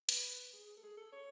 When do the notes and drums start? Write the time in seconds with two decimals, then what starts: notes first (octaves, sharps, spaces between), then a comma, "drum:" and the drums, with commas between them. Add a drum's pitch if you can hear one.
0.09 B4, drum: hi-hat
0.53 G#4
0.77 A4
0.83 G#4
0.97 A4
1.12 C#5